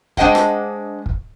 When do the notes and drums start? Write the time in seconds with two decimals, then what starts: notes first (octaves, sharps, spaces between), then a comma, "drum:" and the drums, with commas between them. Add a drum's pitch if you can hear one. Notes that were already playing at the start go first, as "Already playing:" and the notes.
0.17 G#3 D4 C5 D#5 F#5 G5, drum: kick
0.35 drum: rim click
1.06 drum: kick